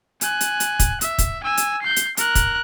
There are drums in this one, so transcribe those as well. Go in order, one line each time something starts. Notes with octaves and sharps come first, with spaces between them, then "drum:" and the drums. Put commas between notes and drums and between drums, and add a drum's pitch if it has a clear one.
G#5 F#6, drum: hi-hat
drum: hi-hat
drum: hi-hat
drum: kick, hi-hat
E5, drum: hi-hat
drum: kick, hi-hat
G#5 E6
drum: hi-hat
G6 C7
drum: hi-hat
A#4 F#6, drum: hi-hat
drum: kick, hi-hat